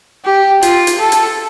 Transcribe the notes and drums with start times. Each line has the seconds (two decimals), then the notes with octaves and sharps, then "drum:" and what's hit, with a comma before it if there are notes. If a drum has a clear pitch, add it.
0.25 G4
0.62 F4, drum: hi-hat
0.87 drum: hi-hat
0.99 A4
1.12 drum: hi-hat